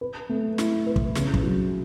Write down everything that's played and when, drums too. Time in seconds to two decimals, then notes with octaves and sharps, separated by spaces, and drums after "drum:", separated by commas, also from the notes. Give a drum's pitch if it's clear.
0.01 B4
0.29 A3
0.58 E4, drum: snare
0.86 B4
0.96 drum: kick
1.15 C#3, drum: snare
1.34 drum: kick
1.43 F#3